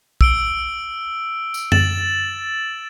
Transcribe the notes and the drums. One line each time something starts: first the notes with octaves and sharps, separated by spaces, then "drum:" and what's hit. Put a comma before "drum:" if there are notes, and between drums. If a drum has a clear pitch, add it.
E6 D7 G7, drum: kick
drum: tambourine
A6 E7 F#7, drum: tom F#2